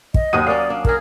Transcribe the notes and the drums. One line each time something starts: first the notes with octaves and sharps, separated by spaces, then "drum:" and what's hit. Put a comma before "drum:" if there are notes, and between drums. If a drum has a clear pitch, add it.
D#5, drum: kick
D#2 F#3 D#6 D#7
A#3 C#4 D5 F5
D4
C#3 G#4 A#4, drum: kick